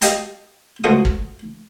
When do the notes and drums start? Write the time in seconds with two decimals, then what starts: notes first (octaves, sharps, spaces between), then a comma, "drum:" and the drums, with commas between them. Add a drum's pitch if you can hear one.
0.01 G4 D#5 F5 G5 A5 A#5, drum: hi-hat
0.84 C#2 F3 A3 F#4 F5 D#6
1.05 drum: kick